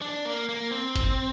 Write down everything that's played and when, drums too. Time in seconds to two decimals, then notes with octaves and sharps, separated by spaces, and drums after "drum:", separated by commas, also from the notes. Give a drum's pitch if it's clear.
0.02 D4
0.25 A#3
0.49 A#3
0.72 C4
0.96 drum: kick G1, hi-hat